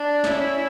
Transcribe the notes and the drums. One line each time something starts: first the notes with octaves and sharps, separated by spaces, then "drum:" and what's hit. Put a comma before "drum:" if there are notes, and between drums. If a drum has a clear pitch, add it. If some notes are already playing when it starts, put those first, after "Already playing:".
Already playing: D4
C#4 E4, drum: snare